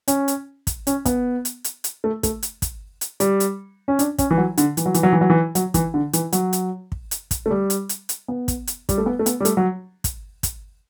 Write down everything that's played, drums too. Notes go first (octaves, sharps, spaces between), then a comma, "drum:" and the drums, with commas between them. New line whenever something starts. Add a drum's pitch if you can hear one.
C#4, drum: hi-hat
drum: hi-hat
drum: kick, hi-hat
C#4, drum: hi-hat
B3, drum: kick, hi-hat
drum: hi-hat
drum: hi-hat
drum: hi-hat
A3
A3, drum: kick, hi-hat
drum: hi-hat
drum: kick, hi-hat
drum: hi-hat
G3, drum: hi-hat
drum: hi-hat
C#4
D4, drum: hi-hat
C#4, drum: kick, hi-hat
E3
F#3
D3, drum: hi-hat
E3, drum: hi-hat
F#3
E3, drum: hi-hat
F#3
E3
F#3
E3
F#3, drum: hi-hat
E3, drum: kick, hi-hat
D3
E3, drum: hi-hat
F#3, drum: hi-hat
drum: hi-hat
drum: kick
drum: hi-hat
drum: kick, hi-hat
A3
G3
drum: hi-hat
drum: hi-hat
drum: hi-hat
B3
drum: kick, hi-hat
drum: hi-hat
G3, drum: kick, hi-hat
A3
B3
A3
B3, drum: hi-hat
G3
A3, drum: hi-hat
F#3
drum: kick, hi-hat
drum: kick, hi-hat